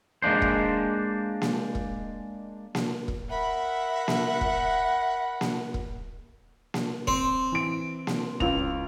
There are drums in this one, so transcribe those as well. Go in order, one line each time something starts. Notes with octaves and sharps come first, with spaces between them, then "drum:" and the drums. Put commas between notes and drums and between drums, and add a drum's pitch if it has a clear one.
G#3 A#3 D4 C5
drum: kick E1
drum: snare A#3
drum: kick E1
drum: snare A#3
drum: kick E1
A#4 E5 F#5 B5
drum: snare A#3
drum: kick E1
drum: snare A#3
drum: kick E1
drum: snare A#3
C4, drum: kick E1
E3 D7
drum: snare A#3
C#2 F7, drum: kick E1